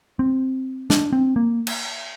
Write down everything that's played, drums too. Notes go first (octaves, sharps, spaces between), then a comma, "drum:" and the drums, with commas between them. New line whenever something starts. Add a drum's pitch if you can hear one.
C4
D4, drum: snare
C4
A#3
drum: cymbal